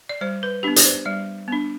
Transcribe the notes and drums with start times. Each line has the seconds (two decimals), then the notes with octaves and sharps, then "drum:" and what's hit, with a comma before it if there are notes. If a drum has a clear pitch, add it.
0.09 D5
0.21 G3 C5
0.43 B4
0.63 B3 D4 G4
0.76 D5, drum: hi-hat
0.85 C5
1.05 G3 D5
1.48 B3 D4